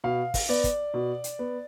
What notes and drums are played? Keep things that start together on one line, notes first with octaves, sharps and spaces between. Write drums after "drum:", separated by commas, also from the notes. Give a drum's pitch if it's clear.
B2 F5
drum: kick, open hi-hat
B3 D5
drum: kick, hi-hat
B2
drum: hi-hat
B3